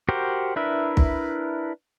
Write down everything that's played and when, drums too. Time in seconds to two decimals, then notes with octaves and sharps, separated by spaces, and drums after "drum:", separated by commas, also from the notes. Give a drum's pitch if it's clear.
0.09 F#4 G4 A#4 C5
0.56 D4 E4 A#4 B4 E5
0.97 drum: kick